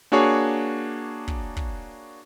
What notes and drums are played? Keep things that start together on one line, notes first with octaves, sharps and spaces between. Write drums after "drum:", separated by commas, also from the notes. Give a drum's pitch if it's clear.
A#3 D4 F#4 G#4 C#5
drum: kick
drum: kick